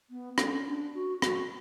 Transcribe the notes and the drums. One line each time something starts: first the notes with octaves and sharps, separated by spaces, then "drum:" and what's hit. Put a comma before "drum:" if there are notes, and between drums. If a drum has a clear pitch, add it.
B3
C#4, drum: rim click
D4
F#4
F#4, drum: rim click